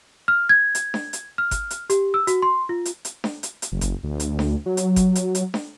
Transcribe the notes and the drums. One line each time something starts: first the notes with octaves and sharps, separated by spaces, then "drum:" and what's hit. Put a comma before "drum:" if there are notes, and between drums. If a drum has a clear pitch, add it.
F6
G#6
drum: hi-hat
drum: snare D4
drum: hi-hat
F6
drum: kick G1, hi-hat
drum: hi-hat
G4, drum: hi-hat
E6
F#4, drum: hi-hat
C6
F4
drum: hi-hat
drum: hi-hat
drum: snare D4
drum: hi-hat
drum: hi-hat
F#1
drum: kick G1, hi-hat
D2
drum: hi-hat
drum: snare D4
F#3
drum: hi-hat
drum: kick G1, hi-hat
drum: hi-hat
drum: hi-hat
drum: snare D4